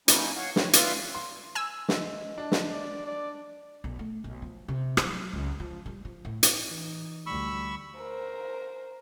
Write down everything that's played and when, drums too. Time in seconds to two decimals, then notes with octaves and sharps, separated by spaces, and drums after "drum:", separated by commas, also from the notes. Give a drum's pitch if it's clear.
0.08 F#3 A#3 C#4 D#4 E4, drum: hi-hat
0.36 C#5 F5 F#5
0.56 D#3 C#5, drum: snare
0.73 F4 B4 D5 E5 F5, drum: hi-hat
1.15 C6
1.55 G#5 E6
1.89 D#5, drum: snare
2.38 D4
2.52 drum: snare
2.72 D5
3.07 D5
3.84 B1
3.99 A3
4.24 B1
4.42 F3
4.68 C3
4.97 F#3, drum: rim click
5.33 C#2
5.60 F3
5.86 G3
6.05 F3
6.25 A2
6.43 drum: hi-hat
6.67 E3 D#4
7.26 D2 G3 B5 C#6 E6
7.99 A#4 C5